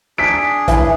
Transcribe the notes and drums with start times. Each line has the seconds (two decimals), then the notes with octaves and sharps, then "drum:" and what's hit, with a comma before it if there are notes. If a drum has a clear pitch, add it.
0.18 D4 G#4 B6 D7
0.68 E3, drum: kick, hi-hat